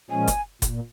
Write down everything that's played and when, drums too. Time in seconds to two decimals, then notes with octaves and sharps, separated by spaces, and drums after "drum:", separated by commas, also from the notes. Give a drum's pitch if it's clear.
0.10 A#2 F3 G#3 C#4 G#5
0.27 drum: kick F#1, hi-hat
0.62 A#2, drum: kick F#1, hi-hat